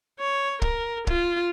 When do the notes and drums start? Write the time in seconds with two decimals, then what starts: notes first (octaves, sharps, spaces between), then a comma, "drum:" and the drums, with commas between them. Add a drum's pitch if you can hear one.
0.19 C#5
0.62 A#4, drum: kick
1.07 F4, drum: kick